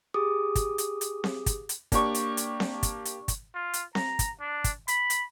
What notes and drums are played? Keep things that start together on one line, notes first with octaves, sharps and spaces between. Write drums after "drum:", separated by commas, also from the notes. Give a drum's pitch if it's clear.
G4 G#4 D6 D#6
drum: kick, hi-hat
drum: hi-hat
drum: hi-hat
drum: snare C4
drum: kick, hi-hat
drum: hi-hat
A#3 D4 G4 D5 C#6, drum: kick, hi-hat
drum: hi-hat
drum: hi-hat
drum: snare C4
drum: kick, hi-hat
drum: hi-hat
drum: kick, hi-hat
F4
drum: hi-hat
A#5, drum: snare C4
drum: kick, hi-hat
D4
drum: kick, hi-hat
B5, drum: hi-hat
drum: hi-hat